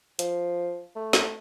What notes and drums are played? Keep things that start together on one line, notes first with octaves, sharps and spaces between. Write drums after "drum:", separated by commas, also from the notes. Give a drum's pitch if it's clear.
F3, drum: hi-hat
A3
drum: snare